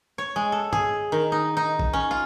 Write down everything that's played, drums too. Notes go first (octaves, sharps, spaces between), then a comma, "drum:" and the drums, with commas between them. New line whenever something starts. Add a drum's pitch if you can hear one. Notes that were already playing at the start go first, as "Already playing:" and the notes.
C#5
G#3
A4
G#4, drum: tom
D#3
D#4
D#4
drum: kick
C#4
F4